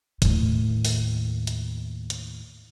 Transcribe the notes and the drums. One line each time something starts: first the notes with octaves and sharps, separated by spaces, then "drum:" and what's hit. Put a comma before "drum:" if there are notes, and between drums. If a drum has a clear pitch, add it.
D#2 A2, drum: kick, hi-hat
drum: open hi-hat
drum: hi-hat
drum: hi-hat